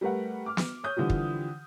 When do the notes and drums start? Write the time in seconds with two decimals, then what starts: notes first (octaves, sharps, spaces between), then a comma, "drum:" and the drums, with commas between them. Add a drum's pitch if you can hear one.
0.01 G3 A3 A#4 B4 F#5
0.46 D6 F6
0.57 drum: snare
0.84 C#5 D#6 G6
0.97 D3 E3 F3 G3
1.10 drum: kick